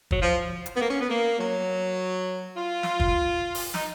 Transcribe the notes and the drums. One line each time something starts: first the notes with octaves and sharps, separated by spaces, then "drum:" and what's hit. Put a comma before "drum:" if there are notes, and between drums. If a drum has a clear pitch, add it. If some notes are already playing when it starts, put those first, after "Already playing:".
F#3, drum: kick
F3
drum: hi-hat
B3
A#3
C#4
B3
A#3
F#3
F4
drum: snare
drum: kick
drum: open hi-hat
D#4, drum: snare